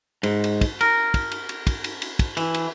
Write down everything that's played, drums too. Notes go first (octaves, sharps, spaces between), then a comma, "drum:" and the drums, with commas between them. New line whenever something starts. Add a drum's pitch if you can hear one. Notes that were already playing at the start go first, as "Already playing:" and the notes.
G#2, drum: cymbal
drum: cymbal
drum: kick, cymbal
A#4, drum: cymbal
drum: kick, cymbal
drum: cymbal
drum: cymbal
drum: kick, cymbal
drum: cymbal
drum: cymbal
drum: kick, cymbal
E3, drum: cymbal
drum: cymbal